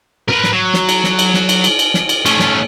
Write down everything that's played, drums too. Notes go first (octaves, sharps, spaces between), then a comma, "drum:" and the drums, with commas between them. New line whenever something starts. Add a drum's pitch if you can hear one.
A#4 B4, drum: tom
drum: snare
F#3
drum: snare
drum: cymbal
drum: snare
drum: cymbal
drum: snare
drum: cymbal
drum: cymbal
drum: cymbal
drum: snare
drum: cymbal
A3 C#4, drum: cymbal
drum: snare